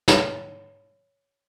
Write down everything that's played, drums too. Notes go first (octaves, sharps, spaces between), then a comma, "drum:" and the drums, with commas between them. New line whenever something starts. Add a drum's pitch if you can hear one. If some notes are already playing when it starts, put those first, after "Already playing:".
C#5, drum: snare